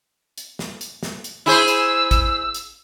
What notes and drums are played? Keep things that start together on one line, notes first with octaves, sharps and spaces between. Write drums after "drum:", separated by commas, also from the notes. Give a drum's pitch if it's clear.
drum: hi-hat
drum: snare
drum: hi-hat
drum: snare
drum: hi-hat
E4 G#4 C5 E6
drum: hi-hat
drum: kick, hi-hat
drum: hi-hat